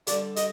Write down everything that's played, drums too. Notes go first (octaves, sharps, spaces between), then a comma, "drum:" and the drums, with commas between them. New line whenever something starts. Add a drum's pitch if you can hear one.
D3 G3 D4 A4 D5, drum: hi-hat
D#5, drum: hi-hat